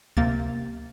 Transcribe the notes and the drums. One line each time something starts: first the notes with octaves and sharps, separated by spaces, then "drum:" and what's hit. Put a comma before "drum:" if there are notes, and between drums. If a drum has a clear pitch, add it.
C3 A#3 A6, drum: kick C#2